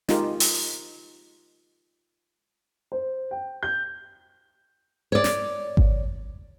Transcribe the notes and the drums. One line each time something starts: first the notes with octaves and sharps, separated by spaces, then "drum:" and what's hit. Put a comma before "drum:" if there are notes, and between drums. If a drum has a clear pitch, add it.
G#3 D#4 F4 G4 A#4, drum: snare
drum: open hi-hat
C5
G5
G6
C#5 D5
drum: snare
drum: kick G#1